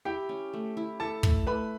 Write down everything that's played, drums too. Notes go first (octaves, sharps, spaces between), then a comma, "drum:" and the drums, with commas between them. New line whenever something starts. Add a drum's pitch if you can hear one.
E4 G4 G5
C#4
A3
E4
E4 A4 A5
A3, drum: kick
A3 B4 B5